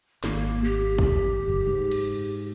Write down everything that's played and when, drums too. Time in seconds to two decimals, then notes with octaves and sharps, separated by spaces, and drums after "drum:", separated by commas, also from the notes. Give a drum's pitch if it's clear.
0.24 G#1 A#3, drum: snare
0.64 G4
0.98 drum: kick
1.48 F#1
1.67 G#2
1.91 drum: cymbal